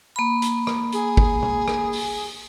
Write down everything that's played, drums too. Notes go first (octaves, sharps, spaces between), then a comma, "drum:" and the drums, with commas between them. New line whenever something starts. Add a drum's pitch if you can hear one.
A#3 B5
drum: hi-hat
drum: rim click
G#4, drum: hi-hat
drum: kick
drum: tom
drum: rim click
drum: open hi-hat